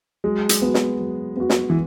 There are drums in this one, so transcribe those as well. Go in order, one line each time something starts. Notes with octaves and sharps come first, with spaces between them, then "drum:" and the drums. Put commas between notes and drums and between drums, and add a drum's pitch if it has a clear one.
F#3 G#3
drum: hi-hat
B3 F#4
drum: snare
F#3
B3 F#4
drum: snare
E3